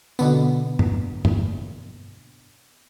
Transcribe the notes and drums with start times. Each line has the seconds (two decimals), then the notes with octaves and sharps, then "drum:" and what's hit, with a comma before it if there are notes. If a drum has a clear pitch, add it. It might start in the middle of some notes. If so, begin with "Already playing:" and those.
0.19 B2 D3 B3, drum: tambourine
0.79 drum: tom
1.25 drum: tom